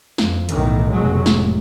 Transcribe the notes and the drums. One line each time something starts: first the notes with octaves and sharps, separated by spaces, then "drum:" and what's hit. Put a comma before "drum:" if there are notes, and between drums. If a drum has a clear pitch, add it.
F2, drum: snare
B1 A2 D#3 E3, drum: hi-hat
F1 B2 F#3 G#3
F1 A2, drum: snare